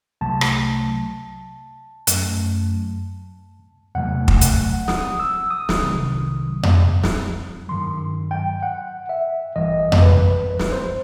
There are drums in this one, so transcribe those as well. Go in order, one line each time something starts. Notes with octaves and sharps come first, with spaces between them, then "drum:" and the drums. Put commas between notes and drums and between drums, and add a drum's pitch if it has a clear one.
C2 C3 F#3 A3 A5
drum: rim click
F#2 F#3 A3, drum: hi-hat
E2 C3 F#3 A3 F#5
drum: kick
F#5, drum: hi-hat
D#6, drum: snare
E6
D#6
drum: snare
C2 C3 D#3 F#3
drum: tom F2
drum: snare
G2 D#3 F#3 C6
G5
F#5
E5
A1 G2 E3 G3 D#5
drum: tom F2
B4
B4
drum: snare
C5